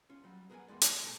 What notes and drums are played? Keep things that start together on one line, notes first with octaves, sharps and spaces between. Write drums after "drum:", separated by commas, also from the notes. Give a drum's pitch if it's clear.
C#4 F4
F#3 G3
G#4 A#4 B4 D#5 F#5 G#5
E2 G3 G#3 D5
G#4 C5 D#5 G5, drum: hi-hat
A#2 A3 A#3 A4 G#5 A5